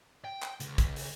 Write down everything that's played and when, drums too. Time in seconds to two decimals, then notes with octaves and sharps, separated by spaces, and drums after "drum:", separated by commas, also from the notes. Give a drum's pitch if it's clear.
0.25 G5
0.42 drum: clap
0.60 C#2, drum: hi-hat
0.78 drum: kick, hi-hat
0.96 drum: open hi-hat